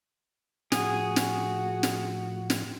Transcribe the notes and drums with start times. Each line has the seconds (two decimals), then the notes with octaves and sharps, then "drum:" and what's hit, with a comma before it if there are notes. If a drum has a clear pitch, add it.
0.72 A2 F3 F#4 G#4, drum: snare
1.16 drum: snare
1.83 drum: snare
2.50 drum: snare